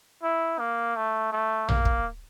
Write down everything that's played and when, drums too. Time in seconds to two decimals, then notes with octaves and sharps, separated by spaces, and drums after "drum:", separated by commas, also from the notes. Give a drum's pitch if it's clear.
0.23 E4
0.59 A#3
0.96 A3
1.32 A3
1.69 A#3, drum: tom A#1
1.85 drum: kick